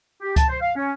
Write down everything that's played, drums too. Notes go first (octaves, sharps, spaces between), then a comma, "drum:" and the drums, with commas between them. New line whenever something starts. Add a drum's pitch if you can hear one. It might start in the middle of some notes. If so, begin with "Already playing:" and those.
G4
A5, drum: kick C#2, hi-hat
C5
F5
C#4